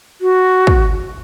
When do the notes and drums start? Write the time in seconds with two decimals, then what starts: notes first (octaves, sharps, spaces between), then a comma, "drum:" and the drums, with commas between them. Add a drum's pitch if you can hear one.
0.21 F#4
0.67 drum: kick